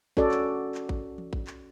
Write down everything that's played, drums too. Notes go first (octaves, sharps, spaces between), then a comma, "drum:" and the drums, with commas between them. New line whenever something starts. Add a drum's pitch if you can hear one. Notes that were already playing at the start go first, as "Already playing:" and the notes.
C#4 F#4 A4 D5, drum: kick A1
drum: clap
drum: clap
drum: kick A1
drum: tom E3
drum: kick A1
drum: clap